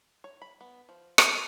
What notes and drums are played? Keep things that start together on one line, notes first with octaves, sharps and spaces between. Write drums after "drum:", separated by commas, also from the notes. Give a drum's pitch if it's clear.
C#5
B5
B3
F3
F#4, drum: rim click
A5